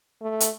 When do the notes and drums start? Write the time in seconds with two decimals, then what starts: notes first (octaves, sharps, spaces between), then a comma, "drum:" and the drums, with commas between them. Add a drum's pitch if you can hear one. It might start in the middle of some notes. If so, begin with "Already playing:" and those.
0.22 A3
0.40 drum: hi-hat